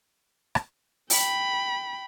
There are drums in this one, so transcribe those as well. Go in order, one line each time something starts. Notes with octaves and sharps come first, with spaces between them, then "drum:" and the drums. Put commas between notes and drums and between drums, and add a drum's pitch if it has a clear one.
drum: rim click
G5 B5, drum: open hi-hat